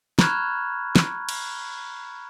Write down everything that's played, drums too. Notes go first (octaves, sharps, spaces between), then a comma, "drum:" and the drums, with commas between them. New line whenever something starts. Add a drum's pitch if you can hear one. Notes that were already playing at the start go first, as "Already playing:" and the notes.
A#5 B5 C#6 F6 F#6 G#6, drum: snare
drum: snare
drum: cymbal